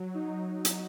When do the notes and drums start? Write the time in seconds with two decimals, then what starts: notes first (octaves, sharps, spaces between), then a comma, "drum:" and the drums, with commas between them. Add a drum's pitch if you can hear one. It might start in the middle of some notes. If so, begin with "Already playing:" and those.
Already playing: F#3
0.14 D#4
0.65 drum: hi-hat